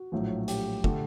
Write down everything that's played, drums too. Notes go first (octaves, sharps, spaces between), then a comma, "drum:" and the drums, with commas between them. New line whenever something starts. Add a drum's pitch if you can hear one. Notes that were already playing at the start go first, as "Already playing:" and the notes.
Already playing: F#4
A#1 A2 F#3
G4, drum: hi-hat
D3 A3, drum: kick